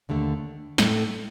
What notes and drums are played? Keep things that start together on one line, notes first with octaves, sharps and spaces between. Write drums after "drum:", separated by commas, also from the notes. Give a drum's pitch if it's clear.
D#2 D3 A3
A2 A3, drum: snare